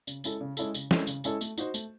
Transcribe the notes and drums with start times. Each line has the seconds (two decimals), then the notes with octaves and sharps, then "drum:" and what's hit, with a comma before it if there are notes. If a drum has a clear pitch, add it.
0.07 C#3, drum: tambourine
0.24 G#3 C#4 E4 A4, drum: tambourine
0.41 C#3
0.57 G#3 C#4 E4 A4, drum: tambourine
0.74 C#3, drum: tambourine
0.91 G#3 C#4 E4 A4, drum: snare
1.07 C#3, drum: tambourine
1.24 G#3 C#4 E4 A4, drum: tambourine
1.41 A3, drum: tambourine
1.58 D#4 F#4 C5, drum: tambourine
1.74 A3, drum: tambourine